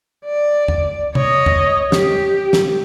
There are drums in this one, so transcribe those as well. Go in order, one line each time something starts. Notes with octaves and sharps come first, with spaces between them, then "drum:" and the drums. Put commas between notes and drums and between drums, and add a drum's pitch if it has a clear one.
D5
drum: tom E2
C#5 D#5, drum: tom
drum: tom E2
G4, drum: snare
drum: snare